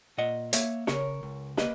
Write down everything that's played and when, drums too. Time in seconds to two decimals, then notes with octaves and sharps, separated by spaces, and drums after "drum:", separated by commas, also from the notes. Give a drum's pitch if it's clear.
0.18 A#2 D#5 F#5
0.53 A#3 C#5 E5, drum: hi-hat
0.87 C#3 A#4 C#5, drum: snare
1.23 C#2
1.57 A#3 B4 D#5, drum: snare